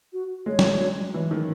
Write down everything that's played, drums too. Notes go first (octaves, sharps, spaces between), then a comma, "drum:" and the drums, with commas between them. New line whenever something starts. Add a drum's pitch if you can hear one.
F#4
G#3 C#5
drum: snare
F#3
E3
D#3